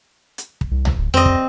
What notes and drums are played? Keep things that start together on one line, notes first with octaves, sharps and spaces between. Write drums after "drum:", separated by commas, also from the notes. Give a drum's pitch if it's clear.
drum: hi-hat
drum: kick
C2
drum: tom C#2
D1
F2 C4 D#5
drum: kick